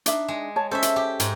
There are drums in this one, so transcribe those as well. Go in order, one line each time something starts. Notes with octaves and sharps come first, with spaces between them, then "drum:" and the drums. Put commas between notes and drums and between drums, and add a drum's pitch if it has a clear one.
D4 D#4 E5, drum: hi-hat
G#3
C#5 A5
C#4 A4 C5 E5
drum: hi-hat
G4
G#2, drum: hi-hat